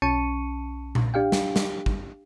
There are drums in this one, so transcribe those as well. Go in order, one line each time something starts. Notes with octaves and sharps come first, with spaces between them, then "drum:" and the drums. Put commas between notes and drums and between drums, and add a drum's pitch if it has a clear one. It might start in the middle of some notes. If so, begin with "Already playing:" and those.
B1 C#4 A5 C#6 C#7 D#7
drum: tom A#2
D4 G4 F5 G5
drum: snare
drum: snare
drum: kick